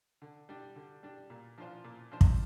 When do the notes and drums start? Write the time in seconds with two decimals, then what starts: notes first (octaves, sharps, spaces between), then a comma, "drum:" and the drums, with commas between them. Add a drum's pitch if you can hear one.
0.22 D3
0.49 G3 D4
0.76 D3
1.03 G3 D4
1.30 A#2
1.58 F3 D4 F4 C5
1.84 A#2
2.12 F3 D4 F4 C5
2.21 drum: kick